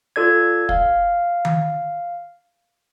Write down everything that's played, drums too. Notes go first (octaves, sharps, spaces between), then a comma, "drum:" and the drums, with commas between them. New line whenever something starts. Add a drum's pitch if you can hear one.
F4 A4 D5 G#6
F5, drum: kick
drum: tom D#3